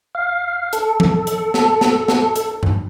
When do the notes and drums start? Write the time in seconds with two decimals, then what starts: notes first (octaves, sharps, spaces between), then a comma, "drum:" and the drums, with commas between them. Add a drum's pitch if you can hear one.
0.15 F5
0.73 A4, drum: hi-hat
1.00 drum: tom E3
1.27 drum: hi-hat
1.54 drum: snare
1.81 drum: snare
2.08 drum: snare
2.36 drum: hi-hat
2.63 drum: tom G2